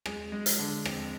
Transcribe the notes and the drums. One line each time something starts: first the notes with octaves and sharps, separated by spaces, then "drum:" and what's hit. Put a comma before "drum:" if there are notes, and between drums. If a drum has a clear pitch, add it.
G#3 G#4, drum: rim click
G#3
drum: hi-hat
D3
F2, drum: rim click